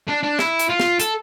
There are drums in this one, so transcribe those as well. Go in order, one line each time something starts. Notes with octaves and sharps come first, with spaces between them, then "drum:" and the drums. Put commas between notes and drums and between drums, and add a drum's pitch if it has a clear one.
D4
D4
E4, drum: snare
drum: hi-hat
F4
drum: snare
A4, drum: hi-hat